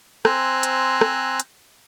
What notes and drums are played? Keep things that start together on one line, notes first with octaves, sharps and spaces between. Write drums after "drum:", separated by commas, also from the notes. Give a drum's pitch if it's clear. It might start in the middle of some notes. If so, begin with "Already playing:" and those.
C4 C5 G#5 A#5 E6 F#6, drum: rim click
drum: hi-hat
drum: rim click
drum: hi-hat